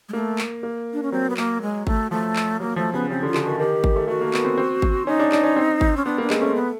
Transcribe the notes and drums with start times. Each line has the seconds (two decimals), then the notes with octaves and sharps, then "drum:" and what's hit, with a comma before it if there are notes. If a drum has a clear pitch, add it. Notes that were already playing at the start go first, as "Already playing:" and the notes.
0.09 G#3
0.13 A3 A#3
0.39 drum: clap
0.63 A#3
0.93 D4
1.03 C#4
1.12 F#3 C4
1.30 B3
1.37 A#3, drum: clap
1.62 G#3
1.87 A3, drum: kick G#1
2.11 F3 A3
2.36 drum: clap
2.60 F#3 A#3
2.76 F3 A3
2.93 C#3 B3
3.10 C#3 C4
3.23 D3
3.27 F4
3.34 D3, drum: clap
3.43 D#3 F#4
3.59 D#3 G4
3.84 drum: kick G#1
3.96 A3
4.08 A3 F#4
4.21 A#3
4.34 B3, drum: clap
4.45 C4
4.58 C4
4.82 drum: kick G#1
5.07 C#4 D#4
5.19 D4
5.32 D4, drum: clap
5.43 C#4
5.56 C4
5.81 drum: kick G#1
5.97 C#4
6.05 B3 D4
6.18 A#3 D4
6.30 G#3, drum: clap
6.39 A3 C#4
6.55 B3